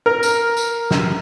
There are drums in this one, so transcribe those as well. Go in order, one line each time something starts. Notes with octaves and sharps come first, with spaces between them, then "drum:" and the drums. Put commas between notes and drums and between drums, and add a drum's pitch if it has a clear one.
A#4
drum: tambourine
drum: tambourine
drum: snare